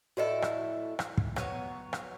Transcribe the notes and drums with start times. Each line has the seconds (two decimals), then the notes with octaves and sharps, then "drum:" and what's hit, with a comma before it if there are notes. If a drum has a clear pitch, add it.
0.17 A2 E4 F#4 A4 D5 D#5
0.42 drum: rim click
0.99 drum: rim click
1.17 drum: kick
1.36 F#3 B3 C#5, drum: rim click
1.93 drum: rim click